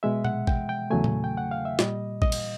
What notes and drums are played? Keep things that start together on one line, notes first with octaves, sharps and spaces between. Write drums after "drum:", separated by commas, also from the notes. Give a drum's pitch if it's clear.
B2 G#3 E5
F#5, drum: tom A#2
G5, drum: kick
G5
E2 C#3 F#3 A3 G#5
drum: tom A#2
G5
F#5
F5
E5
A#2 G3 D#5, drum: snare
D#5, drum: kick
drum: cymbal